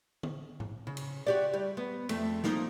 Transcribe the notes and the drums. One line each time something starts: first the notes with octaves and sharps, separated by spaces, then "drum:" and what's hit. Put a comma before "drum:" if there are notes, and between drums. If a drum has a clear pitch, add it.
drum: tom D3
drum: tom G#2
C#3
drum: cymbal
F#4 G4 D5
G3
B3
F2 A3, drum: cymbal
F3 A#3 D#4, drum: snare